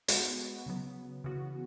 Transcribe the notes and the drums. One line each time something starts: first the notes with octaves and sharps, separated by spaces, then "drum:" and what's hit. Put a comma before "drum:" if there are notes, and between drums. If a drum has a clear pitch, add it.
G#3 B3 F#4, drum: hi-hat
C#3 F#3 B3
C#3 E3 B3 F#4